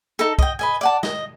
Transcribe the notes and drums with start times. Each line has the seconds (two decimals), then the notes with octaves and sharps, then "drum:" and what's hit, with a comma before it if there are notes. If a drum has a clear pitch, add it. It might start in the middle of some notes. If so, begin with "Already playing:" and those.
0.19 D#4 A4
0.39 D#5 G5, drum: kick
0.59 B4 D#5 G#5
0.81 D5 F#5 A5
1.03 D#5, drum: snare